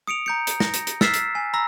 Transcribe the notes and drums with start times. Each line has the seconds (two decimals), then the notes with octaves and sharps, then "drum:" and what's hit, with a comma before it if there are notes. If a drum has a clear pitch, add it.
0.07 D#6 C#7 D7 F7
0.26 A#5 G6 C#7
0.47 drum: hi-hat
0.60 A#6, drum: snare
0.74 drum: hi-hat
0.87 drum: hi-hat
1.01 E6 F6 A6 B6 C7 E7, drum: snare
1.14 drum: hi-hat
1.35 G#5
1.54 A#5 B5 E6 A#6